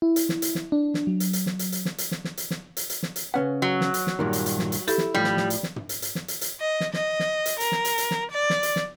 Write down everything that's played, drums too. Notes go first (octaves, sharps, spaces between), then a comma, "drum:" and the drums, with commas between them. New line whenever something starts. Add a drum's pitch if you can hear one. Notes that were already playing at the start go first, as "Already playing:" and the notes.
E4
drum: hi-hat
drum: snare
drum: hi-hat
drum: snare
D4
drum: snare
F#3
drum: hi-hat
drum: hi-hat
drum: snare
drum: hi-hat
drum: hi-hat
drum: snare
drum: hi-hat
drum: snare
drum: snare
drum: hi-hat
drum: snare
drum: hi-hat
drum: hi-hat
drum: snare
drum: hi-hat
C#3 C#4 B4 F#5
F#3
drum: snare
drum: hi-hat
drum: snare
G2 A#2 D#3
drum: hi-hat
drum: hi-hat
drum: snare
drum: hi-hat
E4 G4 A4, drum: hi-hat
drum: snare
A2 F3 G3
drum: snare
drum: snare
drum: hi-hat
drum: snare
drum: tom
drum: hi-hat
drum: hi-hat
drum: snare
drum: hi-hat
drum: hi-hat
D#5
drum: snare
D#5, drum: snare
drum: snare
drum: hi-hat
A#4, drum: hi-hat
drum: snare
drum: hi-hat
drum: hi-hat
drum: snare
D5
drum: snare
drum: hi-hat
drum: snare